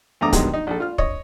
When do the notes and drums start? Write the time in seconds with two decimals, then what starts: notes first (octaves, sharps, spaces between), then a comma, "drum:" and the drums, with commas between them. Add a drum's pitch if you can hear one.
0.21 E2 G2 A3 A#5 D6 D#6
0.33 G2 B2 D#3 F#3 G#3, drum: kick, hi-hat
0.54 D#4
0.67 A#1 A4
0.80 F4 F6
0.98 C#5 D#5, drum: kick